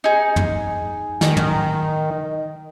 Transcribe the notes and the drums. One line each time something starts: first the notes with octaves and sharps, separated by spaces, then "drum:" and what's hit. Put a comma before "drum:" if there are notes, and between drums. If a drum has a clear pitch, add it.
D#4 G#4
drum: tom
D#3, drum: snare
drum: tom